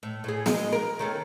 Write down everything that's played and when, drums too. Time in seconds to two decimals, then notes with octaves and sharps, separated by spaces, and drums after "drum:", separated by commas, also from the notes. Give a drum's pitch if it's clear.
0.03 A2
0.24 A2 G#4
0.46 G#3, drum: snare
0.72 A#4
0.99 D#3 C#4 A4